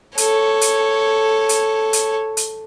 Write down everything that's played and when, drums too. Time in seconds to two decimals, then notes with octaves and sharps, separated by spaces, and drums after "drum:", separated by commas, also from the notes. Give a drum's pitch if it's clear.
0.18 A4 C#5, drum: hi-hat
0.61 drum: hi-hat
1.49 drum: hi-hat
1.93 drum: hi-hat
2.37 drum: hi-hat